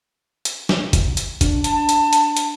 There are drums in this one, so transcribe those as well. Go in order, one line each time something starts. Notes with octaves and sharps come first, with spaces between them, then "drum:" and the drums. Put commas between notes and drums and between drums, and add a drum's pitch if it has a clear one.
drum: hi-hat
drum: snare
drum: kick, hi-hat
drum: hi-hat
D4, drum: kick, hi-hat
A5, drum: hi-hat
drum: hi-hat
drum: hi-hat
drum: hi-hat